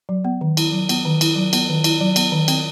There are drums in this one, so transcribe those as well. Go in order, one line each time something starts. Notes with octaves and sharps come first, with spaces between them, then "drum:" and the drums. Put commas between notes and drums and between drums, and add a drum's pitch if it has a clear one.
F#3
B3
D#3
E4, drum: cymbal
F#3
B3, drum: cymbal
D#3
E4, drum: cymbal
F#3
B3, drum: cymbal
D#3
E4, drum: cymbal
F#3
B3, drum: cymbal
D#3
C4, drum: cymbal